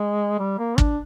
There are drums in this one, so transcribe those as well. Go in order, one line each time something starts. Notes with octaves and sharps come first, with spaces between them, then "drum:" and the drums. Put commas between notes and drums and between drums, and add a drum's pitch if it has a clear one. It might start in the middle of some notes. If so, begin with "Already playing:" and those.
Already playing: G#3
G3
A#3
D4, drum: kick